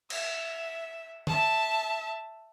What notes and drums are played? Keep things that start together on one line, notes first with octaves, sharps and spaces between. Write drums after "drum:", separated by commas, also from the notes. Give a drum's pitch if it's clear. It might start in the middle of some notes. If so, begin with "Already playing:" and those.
E5, drum: cymbal
E5 A5, drum: tom